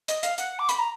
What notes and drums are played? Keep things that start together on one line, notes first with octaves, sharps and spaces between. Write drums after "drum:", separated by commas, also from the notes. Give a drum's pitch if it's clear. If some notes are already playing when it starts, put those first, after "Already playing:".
D#5, drum: hi-hat
F5, drum: hi-hat
F#5, drum: hi-hat
D6
B5, drum: hi-hat
A#5